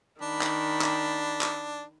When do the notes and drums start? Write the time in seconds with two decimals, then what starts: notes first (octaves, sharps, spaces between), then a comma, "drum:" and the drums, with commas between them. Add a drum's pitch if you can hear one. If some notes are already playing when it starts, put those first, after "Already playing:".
0.22 D#3 D4 B5
0.42 drum: clap
0.81 drum: clap
1.41 drum: clap